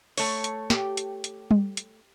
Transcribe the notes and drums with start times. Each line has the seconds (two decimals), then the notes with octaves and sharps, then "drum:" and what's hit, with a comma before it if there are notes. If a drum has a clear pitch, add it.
0.18 A3 C#5, drum: open hi-hat
0.44 drum: hi-hat
0.70 G4, drum: snare
0.97 drum: hi-hat
1.24 drum: hi-hat
1.51 drum: tom G3
1.77 drum: hi-hat